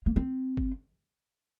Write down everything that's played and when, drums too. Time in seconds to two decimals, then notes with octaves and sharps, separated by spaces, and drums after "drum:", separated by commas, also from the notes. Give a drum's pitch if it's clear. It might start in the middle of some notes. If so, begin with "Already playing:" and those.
0.06 A#3
0.16 C4
0.57 drum: kick G1